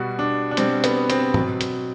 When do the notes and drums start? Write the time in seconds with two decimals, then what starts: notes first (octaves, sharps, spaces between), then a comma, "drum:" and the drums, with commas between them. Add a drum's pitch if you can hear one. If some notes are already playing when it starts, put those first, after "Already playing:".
Already playing: B2 G3 F#4
0.19 D4
0.51 D4
0.57 B2 G3 C4, drum: hi-hat
0.84 B3, drum: hi-hat
1.10 C4, drum: hi-hat
1.34 B2 F#3, drum: tom
1.61 drum: hi-hat